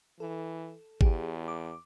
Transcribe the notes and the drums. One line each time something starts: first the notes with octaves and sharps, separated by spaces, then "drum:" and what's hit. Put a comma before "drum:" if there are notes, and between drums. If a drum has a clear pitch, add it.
E3 A4
E2 G4 G#4, drum: kick G#1
D6